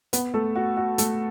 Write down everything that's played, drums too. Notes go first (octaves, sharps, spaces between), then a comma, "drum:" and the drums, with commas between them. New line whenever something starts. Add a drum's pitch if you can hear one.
B3 B4, drum: hi-hat
A3 A4
F#4
F#4
A3 A4, drum: hi-hat